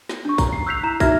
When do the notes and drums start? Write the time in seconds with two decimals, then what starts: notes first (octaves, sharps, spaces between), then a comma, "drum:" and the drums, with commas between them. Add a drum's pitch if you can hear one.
0.09 drum: snare
0.25 D4 C#6
0.38 A#5, drum: kick, tambourine
0.53 C7
0.67 E6 F#6 G6 B6 C7 F7
0.83 E4 A#5 E7
1.00 D#4 F#4 E5 F6 G#6 A#6, drum: kick, tambourine